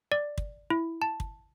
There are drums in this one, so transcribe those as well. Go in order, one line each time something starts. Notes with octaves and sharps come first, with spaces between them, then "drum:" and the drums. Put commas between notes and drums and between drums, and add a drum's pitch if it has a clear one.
D5
drum: kick
E4
A5
drum: kick